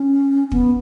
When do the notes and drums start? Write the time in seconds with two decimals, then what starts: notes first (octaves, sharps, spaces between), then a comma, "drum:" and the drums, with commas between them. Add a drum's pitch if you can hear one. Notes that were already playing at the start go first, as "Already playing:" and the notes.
Already playing: C#4
0.52 B3, drum: kick